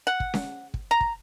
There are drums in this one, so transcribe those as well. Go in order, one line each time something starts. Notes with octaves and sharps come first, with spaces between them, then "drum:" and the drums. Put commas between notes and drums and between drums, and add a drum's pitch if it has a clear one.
F#5
drum: kick
drum: snare C#4
drum: kick
A#5
drum: kick